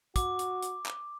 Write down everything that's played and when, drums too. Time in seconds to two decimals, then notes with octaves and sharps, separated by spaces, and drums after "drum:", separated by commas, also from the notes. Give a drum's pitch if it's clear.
0.16 F#4 D6, drum: kick, hi-hat
0.39 drum: hi-hat
0.63 drum: hi-hat
0.86 drum: clap